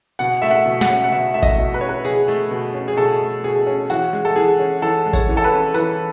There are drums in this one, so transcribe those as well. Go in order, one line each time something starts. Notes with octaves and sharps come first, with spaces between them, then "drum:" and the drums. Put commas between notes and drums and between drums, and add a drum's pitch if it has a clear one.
B2 F#5, drum: tambourine
A3 E5
F#5
B2
F#5, drum: snare
C#4
F#5
B2 E5
A3 E5
D#5, drum: kick A1, tambourine
B2
B4
C#4 C#5
B4
B2 G#4, drum: tambourine
A3
B2
C#4
G#4
B2 A4
A3
B2 G#4
C#4
E3 F#4, drum: tambourine
G#3
A4
E3 G#4
C#4
E3 A4
G#3
C#5, drum: kick A1, tambourine
E3
A4
B4
C#4
E3 B4, drum: tambourine